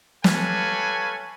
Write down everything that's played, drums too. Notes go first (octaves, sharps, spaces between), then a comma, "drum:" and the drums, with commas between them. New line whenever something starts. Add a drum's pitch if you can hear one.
G4 A4 B4 C#5 F5 G#5, drum: snare